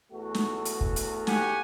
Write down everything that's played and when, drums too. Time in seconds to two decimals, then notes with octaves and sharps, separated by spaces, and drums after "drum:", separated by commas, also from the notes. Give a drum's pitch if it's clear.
0.11 E2 A3 F#4
0.35 drum: snare
0.65 drum: hi-hat
0.81 drum: kick
0.96 drum: hi-hat
1.27 G4 F#5 G#5, drum: snare